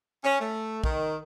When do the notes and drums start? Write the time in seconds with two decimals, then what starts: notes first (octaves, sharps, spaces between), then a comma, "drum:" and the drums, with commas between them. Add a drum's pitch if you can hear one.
0.24 C#4
0.39 A3
0.84 D#3, drum: kick